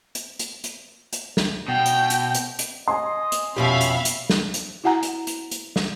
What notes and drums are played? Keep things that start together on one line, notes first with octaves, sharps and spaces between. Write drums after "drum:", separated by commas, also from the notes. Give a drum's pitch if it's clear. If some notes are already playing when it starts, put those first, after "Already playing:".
drum: hi-hat
drum: hi-hat
drum: hi-hat
drum: hi-hat
drum: snare
B2 G5
drum: hi-hat
drum: hi-hat
drum: hi-hat
drum: hi-hat
D#5 G#5 C6
drum: hi-hat
F2 B2 C#4 G4 E5 F5 B5
drum: hi-hat
drum: hi-hat
drum: snare
drum: hi-hat
E4 F#4 F#5 G#5 A#5
drum: hi-hat
drum: hi-hat
drum: hi-hat
drum: snare